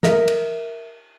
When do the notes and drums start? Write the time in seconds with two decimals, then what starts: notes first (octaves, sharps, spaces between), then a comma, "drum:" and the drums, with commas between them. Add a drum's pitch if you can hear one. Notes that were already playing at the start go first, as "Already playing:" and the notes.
0.03 A#4 D#5 E5, drum: snare
0.28 drum: cymbal